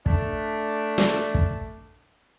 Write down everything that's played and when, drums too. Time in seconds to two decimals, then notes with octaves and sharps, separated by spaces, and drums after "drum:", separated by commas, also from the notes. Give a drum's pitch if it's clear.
0.06 A3 D4, drum: kick
0.98 drum: snare
1.34 drum: kick